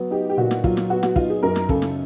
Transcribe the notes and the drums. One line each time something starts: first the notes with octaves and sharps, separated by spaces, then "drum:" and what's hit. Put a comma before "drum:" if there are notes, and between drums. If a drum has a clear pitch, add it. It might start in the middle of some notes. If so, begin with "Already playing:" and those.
Already playing: F#3 B3
D#4 G4
G4
A#2 F#4
drum: snare
F#3 F4, drum: kick
drum: snare
B3 F#4
F#4, drum: snare
D#4 F4, drum: kick
G#4
F#2 A#4
drum: snare
C#3 A4, drum: kick
drum: snare